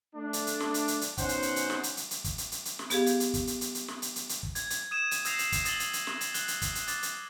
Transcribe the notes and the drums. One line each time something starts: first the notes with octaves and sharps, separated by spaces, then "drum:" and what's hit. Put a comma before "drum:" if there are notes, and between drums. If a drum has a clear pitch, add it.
A3 D4
drum: hi-hat
drum: hi-hat
drum: snare
drum: hi-hat
drum: hi-hat
drum: hi-hat
B2 C#4 D#4 C5 F#5, drum: kick, hi-hat
drum: hi-hat
drum: hi-hat
drum: hi-hat
drum: snare
drum: hi-hat
drum: hi-hat
drum: hi-hat
drum: kick, hi-hat
drum: hi-hat
drum: hi-hat
drum: hi-hat
drum: snare
B3 G4 G#4 F5, drum: hi-hat
drum: hi-hat
drum: hi-hat
drum: kick, hi-hat
drum: hi-hat
drum: hi-hat
drum: hi-hat
drum: snare
drum: hi-hat
drum: hi-hat
drum: hi-hat
drum: kick
G#6, drum: hi-hat
drum: hi-hat
D#6 G#6 D#7 E7
drum: hi-hat
D#6 E6 G6 A#6 C7 F7, drum: hi-hat
drum: hi-hat
drum: kick, hi-hat
D#6 A6 A#6 F#7 G7, drum: hi-hat
drum: hi-hat
drum: hi-hat
drum: snare
drum: hi-hat
F#6 G7, drum: hi-hat
drum: hi-hat
drum: kick, hi-hat
drum: hi-hat
D6 A6, drum: hi-hat
drum: hi-hat